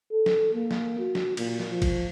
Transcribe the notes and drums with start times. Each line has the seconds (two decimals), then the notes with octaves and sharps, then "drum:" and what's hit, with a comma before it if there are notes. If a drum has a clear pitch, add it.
0.12 A4
0.26 drum: snare
0.54 A#3
0.71 drum: snare
0.99 F#4
1.15 drum: snare
1.37 A#2, drum: cymbal
1.60 drum: snare
1.70 F3
1.82 drum: kick, cymbal